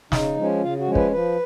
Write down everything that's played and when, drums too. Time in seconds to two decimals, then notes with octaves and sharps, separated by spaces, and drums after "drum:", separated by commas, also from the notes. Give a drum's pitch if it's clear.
0.12 C#3 D#4, drum: snare
0.36 F3 G#3 C#4
0.62 C#3 F4
0.79 F#4
0.87 F3 G#3 C#4
0.95 B4, drum: kick
1.12 F3 B4